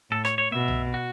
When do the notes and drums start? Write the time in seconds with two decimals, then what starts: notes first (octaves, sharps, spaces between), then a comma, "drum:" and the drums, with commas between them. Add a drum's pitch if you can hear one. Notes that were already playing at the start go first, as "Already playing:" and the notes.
0.11 A2 A4
0.25 C#5, drum: rim click
0.38 C#5
0.52 B2 E5
0.68 drum: tom B1
0.94 F#4